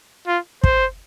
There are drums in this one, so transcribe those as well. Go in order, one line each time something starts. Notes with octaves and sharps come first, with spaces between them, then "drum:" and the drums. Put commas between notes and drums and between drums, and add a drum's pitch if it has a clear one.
F4
C5, drum: kick